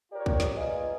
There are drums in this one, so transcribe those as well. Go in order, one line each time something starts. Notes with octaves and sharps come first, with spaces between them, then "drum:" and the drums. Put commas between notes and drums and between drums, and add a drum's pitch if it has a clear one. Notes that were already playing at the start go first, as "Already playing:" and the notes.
F4 G4 A#4 C#5 D5
drum: kick
drum: snare
A#3 F4 G#4 B4 D#5